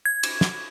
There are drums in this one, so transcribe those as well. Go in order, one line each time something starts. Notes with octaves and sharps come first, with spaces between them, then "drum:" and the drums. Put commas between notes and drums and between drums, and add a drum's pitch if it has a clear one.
G#6
drum: cymbal
drum: snare